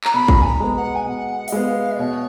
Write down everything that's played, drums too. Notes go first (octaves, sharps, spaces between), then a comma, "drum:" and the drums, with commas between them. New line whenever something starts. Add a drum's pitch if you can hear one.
A#5, drum: clap
B2 B5
drum: kick
G#5
A#5
G#3 B3
F#5
G#5
B2 F#5
D#5, drum: open hi-hat
G#3 B3 F5
B2 C#5